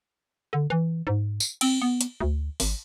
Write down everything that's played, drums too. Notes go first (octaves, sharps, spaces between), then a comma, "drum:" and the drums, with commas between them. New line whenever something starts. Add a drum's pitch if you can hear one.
D3
E3
G#2
drum: tambourine
C4, drum: cymbal
B3
drum: hi-hat
D2
G#1, drum: open hi-hat